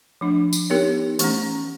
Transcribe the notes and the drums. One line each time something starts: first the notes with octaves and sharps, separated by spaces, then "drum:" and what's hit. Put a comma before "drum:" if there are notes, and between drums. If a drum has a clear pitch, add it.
F3 A3 D4
drum: tambourine
B3 D#4 G4 A#4 C#5
E3 A3 C#4, drum: hi-hat